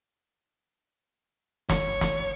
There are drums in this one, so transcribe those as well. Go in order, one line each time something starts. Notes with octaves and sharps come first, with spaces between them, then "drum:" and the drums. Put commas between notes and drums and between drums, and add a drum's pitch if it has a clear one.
C#5, drum: snare
drum: snare